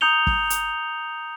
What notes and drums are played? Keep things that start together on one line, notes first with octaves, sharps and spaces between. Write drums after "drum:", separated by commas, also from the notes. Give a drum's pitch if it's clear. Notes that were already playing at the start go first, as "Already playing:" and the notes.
A#5 D#6 G6 C#7 F7 G7
drum: kick
drum: hi-hat